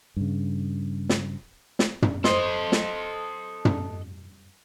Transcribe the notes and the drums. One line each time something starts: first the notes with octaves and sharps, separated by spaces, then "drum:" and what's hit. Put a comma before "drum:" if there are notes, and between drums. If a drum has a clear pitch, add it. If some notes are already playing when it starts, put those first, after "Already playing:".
G2 C#3
drum: snare
drum: snare
drum: tom
A4 C5 D#5 C6, drum: snare
drum: snare
drum: tom